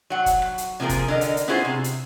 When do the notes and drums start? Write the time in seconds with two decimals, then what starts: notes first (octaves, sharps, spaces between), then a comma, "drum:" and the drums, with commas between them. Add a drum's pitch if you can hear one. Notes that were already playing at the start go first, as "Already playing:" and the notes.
0.10 F#3 F#5
0.26 drum: kick E1, hi-hat
0.42 drum: rim click
0.58 drum: hi-hat
0.80 C3 F3 A#3 G#4 A#4
0.89 drum: kick E1, hi-hat
1.08 D3 A#4 D#5
1.21 drum: hi-hat
1.37 drum: hi-hat
1.48 B3 C#4 E4 F4 G#4 C5
1.65 C3
1.84 drum: hi-hat